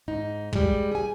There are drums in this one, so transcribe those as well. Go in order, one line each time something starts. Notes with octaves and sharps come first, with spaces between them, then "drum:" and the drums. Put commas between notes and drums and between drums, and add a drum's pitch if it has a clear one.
G#2 D#4
G3 G#3, drum: kick
G#4 G#5